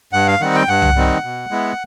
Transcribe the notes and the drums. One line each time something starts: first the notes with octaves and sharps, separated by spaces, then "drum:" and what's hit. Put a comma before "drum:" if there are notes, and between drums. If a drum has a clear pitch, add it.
G2 F#5
F5
D#3 G3 C4 D#4 F#5
G5
G2 F#5
drum: tom C2
D#3 G3 C4 D#4
B2
G#3 B3 E4